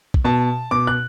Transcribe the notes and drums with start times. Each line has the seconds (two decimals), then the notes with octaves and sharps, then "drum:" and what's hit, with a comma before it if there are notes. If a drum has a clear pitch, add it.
0.14 drum: kick
0.25 B2 A5
0.71 B2 D6
0.87 F#6